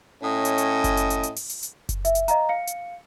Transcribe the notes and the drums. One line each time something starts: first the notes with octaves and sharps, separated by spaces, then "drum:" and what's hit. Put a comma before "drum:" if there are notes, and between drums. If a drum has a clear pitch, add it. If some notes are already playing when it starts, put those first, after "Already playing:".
A2 C#4 D#5
drum: hi-hat
drum: hi-hat
drum: kick F#1, hi-hat
drum: hi-hat
drum: hi-hat
drum: hi-hat
drum: open hi-hat
drum: hi-hat
drum: hi-hat
drum: kick F#1, hi-hat
E5, drum: hi-hat
drum: hi-hat
D#5 F5 A#5, drum: hi-hat
F5 C#7
drum: hi-hat